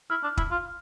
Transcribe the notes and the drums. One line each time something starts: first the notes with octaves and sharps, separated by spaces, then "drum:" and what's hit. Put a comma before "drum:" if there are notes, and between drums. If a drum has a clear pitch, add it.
E4 F6
D4
E4, drum: kick
F4